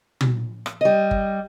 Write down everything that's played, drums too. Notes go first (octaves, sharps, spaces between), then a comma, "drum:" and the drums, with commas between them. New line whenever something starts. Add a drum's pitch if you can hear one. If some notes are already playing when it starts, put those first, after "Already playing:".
drum: tom
drum: rim click
G3 D#5
drum: kick G1